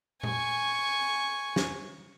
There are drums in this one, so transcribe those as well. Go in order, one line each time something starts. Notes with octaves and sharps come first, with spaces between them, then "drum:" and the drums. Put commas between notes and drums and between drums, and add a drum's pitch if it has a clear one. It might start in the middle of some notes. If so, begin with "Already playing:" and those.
G#5 C#6, drum: tom
drum: snare